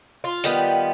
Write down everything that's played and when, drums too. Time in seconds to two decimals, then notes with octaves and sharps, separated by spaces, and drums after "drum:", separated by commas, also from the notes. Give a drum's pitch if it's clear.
0.24 F4
0.44 D#3 G3 B3, drum: hi-hat